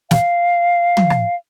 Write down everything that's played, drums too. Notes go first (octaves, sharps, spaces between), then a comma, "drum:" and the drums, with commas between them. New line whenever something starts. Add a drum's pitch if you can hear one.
F5, drum: snare
drum: tom
drum: rim click